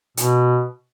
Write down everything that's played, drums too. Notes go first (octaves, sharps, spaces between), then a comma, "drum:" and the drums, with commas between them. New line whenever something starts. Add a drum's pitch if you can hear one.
B2, drum: hi-hat